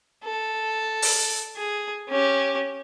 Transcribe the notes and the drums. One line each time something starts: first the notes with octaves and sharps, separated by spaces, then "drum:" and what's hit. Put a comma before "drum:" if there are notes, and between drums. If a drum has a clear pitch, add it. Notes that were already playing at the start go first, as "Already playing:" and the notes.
A4
drum: open hi-hat
G#4
C#4 G4